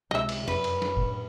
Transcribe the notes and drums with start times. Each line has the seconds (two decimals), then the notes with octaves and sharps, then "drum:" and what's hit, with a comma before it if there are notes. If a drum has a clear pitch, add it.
0.11 C#2 C3 D#5 E5, drum: snare
0.29 drum: cymbal
0.48 F#2 B4, drum: tom F2
0.64 drum: cymbal
0.82 drum: snare
0.96 A2 D3